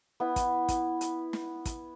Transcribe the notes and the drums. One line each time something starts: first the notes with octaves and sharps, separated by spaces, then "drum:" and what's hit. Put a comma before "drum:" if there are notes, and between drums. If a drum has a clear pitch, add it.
B3 E4
drum: kick, hi-hat
drum: kick, hi-hat
drum: hi-hat
drum: snare
drum: kick, hi-hat